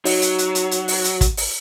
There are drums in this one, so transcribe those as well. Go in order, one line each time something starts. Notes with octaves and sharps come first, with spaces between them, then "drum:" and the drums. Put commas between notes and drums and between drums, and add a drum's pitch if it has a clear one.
F#3 D#4 F#4 C#5, drum: open hi-hat
drum: hi-hat
drum: hi-hat
drum: hi-hat
drum: hi-hat
drum: open hi-hat
drum: hi-hat
drum: kick, hi-hat
drum: open hi-hat